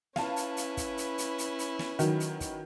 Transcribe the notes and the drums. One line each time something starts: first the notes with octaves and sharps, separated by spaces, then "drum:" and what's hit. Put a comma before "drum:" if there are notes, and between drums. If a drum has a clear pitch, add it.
C#4 E4 B4 F5 A5, drum: snare
drum: hi-hat
drum: hi-hat
drum: kick, hi-hat
drum: hi-hat
drum: hi-hat
drum: hi-hat
drum: hi-hat
drum: snare
D#3 F#3, drum: hi-hat
drum: hi-hat
drum: kick, hi-hat